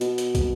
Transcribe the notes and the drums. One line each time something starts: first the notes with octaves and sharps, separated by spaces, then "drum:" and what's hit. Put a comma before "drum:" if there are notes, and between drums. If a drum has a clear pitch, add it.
B2, drum: hi-hat
drum: hi-hat
drum: kick, hi-hat